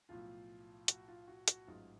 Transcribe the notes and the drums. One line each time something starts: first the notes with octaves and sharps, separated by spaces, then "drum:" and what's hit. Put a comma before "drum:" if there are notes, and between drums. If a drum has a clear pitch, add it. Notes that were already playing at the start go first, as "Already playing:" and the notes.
B1 A2 F3 F4
F#4, drum: hi-hat
F4
F#4
F#4, drum: hi-hat
A1 G#2 F#3 F4